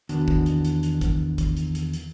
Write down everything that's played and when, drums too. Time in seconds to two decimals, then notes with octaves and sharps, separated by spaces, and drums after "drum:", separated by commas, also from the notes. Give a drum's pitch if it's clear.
0.09 E2 D#3 B3 D4 F#4, drum: hi-hat
0.28 drum: kick
0.46 drum: hi-hat
0.65 drum: hi-hat
0.83 drum: hi-hat
1.01 drum: kick, hi-hat
1.38 drum: kick, hi-hat
1.57 drum: hi-hat
1.75 drum: hi-hat
1.93 drum: hi-hat